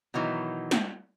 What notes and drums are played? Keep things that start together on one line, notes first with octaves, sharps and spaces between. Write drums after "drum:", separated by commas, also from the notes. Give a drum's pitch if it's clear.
B2 D#3 E3 F#3 D#4
drum: snare